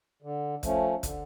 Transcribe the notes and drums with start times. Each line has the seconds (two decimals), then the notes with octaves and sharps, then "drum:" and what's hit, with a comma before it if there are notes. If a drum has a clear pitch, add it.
0.22 D3
0.63 F3 A3 C#4, drum: kick, hi-hat
1.03 D3, drum: kick, hi-hat